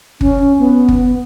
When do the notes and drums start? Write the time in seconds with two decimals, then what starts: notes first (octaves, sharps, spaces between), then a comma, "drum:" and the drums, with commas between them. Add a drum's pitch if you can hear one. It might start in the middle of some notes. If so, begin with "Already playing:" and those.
0.21 C#4, drum: kick G1
0.59 B3
0.88 drum: kick G1